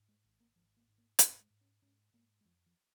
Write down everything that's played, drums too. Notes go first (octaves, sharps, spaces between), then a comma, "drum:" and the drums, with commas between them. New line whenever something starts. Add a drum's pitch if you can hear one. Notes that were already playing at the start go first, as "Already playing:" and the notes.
Already playing: G#2
G#3
G#1
A#3
G#1 F3
A#3
G#2
A#3
G#2 G#3, drum: hi-hat
G#3
G#2
C#4
G#2 C#4
G#2 A#3
G#3
F2 F3
F3